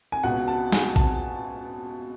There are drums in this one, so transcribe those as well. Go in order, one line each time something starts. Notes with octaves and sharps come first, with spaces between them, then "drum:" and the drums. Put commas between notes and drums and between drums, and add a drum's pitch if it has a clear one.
G#5
C#2 B2 F#5
A5
G#5, drum: snare
A5, drum: kick A#1